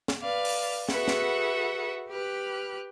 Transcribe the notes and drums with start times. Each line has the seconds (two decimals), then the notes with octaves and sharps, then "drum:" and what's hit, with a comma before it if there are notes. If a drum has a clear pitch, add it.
0.08 drum: snare
0.20 B4 D5 F5 F6
0.45 drum: open hi-hat
0.89 F#4 G#4 A4 B4 E5 F#5, drum: snare
1.08 drum: snare
2.10 G4 B4 F6 F#6